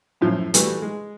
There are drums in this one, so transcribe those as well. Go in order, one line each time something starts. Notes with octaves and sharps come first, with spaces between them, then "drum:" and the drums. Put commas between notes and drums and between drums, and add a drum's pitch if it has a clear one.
F#2 A2 F3
E3 G3 A3 F#4, drum: hi-hat
G#3